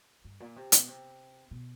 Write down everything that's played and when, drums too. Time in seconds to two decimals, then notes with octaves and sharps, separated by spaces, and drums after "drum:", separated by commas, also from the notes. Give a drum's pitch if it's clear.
0.24 G2
0.40 A#2
0.56 C3
0.72 B2, drum: hi-hat
0.88 C3
1.51 B2